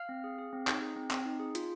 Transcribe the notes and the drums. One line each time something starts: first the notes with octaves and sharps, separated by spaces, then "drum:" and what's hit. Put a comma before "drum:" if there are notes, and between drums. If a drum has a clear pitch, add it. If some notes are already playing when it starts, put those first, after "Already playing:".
Already playing: F5 F6
C4
G#4
G#4
C4
D#4, drum: clap
G#4
C4
C4, drum: clap
D#4
G#4
F4, drum: hi-hat